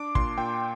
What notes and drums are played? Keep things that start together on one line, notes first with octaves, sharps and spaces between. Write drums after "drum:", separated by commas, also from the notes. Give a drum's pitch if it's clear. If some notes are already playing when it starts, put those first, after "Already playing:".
Already playing: D4 D6
A#2 C6, drum: kick
A#2 G5